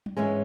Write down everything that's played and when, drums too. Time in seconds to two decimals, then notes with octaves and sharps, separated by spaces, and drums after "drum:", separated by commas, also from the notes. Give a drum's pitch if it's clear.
0.06 drum: tom F#3
0.17 G#2 E3 G#3 C#4